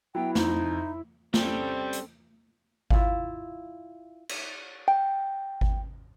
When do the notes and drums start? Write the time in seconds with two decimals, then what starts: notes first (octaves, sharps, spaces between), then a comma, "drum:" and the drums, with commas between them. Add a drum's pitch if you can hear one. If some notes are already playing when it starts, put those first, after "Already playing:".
0.15 F#3 B3 E4 G5
0.35 F2 D#4, drum: snare
1.34 G3 C4 C#4 A4, drum: snare
1.93 drum: hi-hat
2.90 E4 F4 F5, drum: kick G#1
4.29 drum: cymbal
4.88 G5
5.61 drum: kick G#1